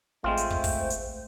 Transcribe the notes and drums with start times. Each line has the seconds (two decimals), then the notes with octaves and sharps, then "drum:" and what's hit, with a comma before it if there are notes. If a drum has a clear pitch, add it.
0.24 A1 G#3 A3 C4 F4 C5
0.37 drum: hi-hat
0.51 drum: kick
0.64 drum: kick, open hi-hat
0.90 drum: hi-hat